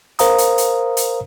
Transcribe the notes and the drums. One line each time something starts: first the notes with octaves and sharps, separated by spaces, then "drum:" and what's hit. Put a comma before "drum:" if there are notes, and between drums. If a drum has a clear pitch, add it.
A#4 C5 F5 A#5 D#6, drum: hi-hat
drum: hi-hat
drum: hi-hat
drum: hi-hat